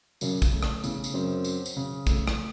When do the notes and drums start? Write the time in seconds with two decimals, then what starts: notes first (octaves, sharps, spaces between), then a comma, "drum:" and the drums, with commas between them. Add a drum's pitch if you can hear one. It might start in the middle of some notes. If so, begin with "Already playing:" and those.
0.21 F#2 C#3, drum: tambourine
0.42 drum: kick, tambourine
0.53 A3
0.63 drum: rim click
0.84 E2 C#3, drum: tambourine
1.04 drum: tambourine
1.14 F#2 C4
1.44 F#3, drum: tambourine
1.66 drum: tambourine
1.77 C#3
2.07 A3, drum: kick, tambourine
2.28 drum: rim click